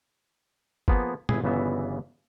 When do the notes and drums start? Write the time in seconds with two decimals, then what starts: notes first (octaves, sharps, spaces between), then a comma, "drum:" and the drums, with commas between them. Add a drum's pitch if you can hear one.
0.88 F3 A#3 B3 G#4, drum: kick
1.29 G1 E4 G#4, drum: tom
1.44 G1 C#3 E3 B3 E5